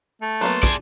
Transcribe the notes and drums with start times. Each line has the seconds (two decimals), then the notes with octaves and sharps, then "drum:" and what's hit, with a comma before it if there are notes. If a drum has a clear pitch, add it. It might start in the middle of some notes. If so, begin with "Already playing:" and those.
0.22 A3
0.41 F#3 A#3 B3 A5 C6
0.63 G#4 D5, drum: kick